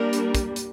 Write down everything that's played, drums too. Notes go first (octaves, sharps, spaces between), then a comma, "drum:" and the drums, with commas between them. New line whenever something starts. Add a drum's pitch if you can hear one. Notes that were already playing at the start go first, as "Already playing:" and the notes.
Already playing: G3 A#3 D4 A#4
drum: hi-hat
drum: kick, hi-hat
drum: hi-hat